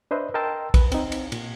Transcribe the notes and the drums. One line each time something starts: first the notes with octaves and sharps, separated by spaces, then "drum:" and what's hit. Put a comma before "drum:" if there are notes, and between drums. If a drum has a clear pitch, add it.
D4 B4 C5 D#5 E5
A#4 D#5 G5 A5 C6 E6
B4, drum: kick, cymbal
C4 D#4, drum: cymbal
drum: cymbal
A#2, drum: cymbal